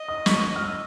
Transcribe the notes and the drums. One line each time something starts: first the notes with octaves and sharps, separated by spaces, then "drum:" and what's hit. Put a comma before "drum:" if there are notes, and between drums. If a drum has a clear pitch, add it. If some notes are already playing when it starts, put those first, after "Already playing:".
Already playing: D#5
D#6
C#6, drum: snare
C#6
F6
E6